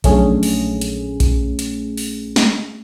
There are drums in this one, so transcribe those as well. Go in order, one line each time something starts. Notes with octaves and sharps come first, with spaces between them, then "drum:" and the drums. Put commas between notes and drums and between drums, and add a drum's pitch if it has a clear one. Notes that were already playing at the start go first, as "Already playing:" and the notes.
A#1 F#3 A3 C#4 D4 G#4, drum: kick A#1, hi-hat
drum: open hi-hat
drum: hi-hat
drum: kick A#1, hi-hat
drum: hi-hat
drum: open hi-hat
drum: snare